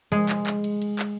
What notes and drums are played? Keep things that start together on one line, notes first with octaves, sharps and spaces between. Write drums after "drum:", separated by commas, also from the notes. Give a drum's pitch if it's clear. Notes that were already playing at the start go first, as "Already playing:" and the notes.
G#3, drum: cymbal
drum: clap
drum: clap
drum: cymbal
drum: cymbal
drum: clap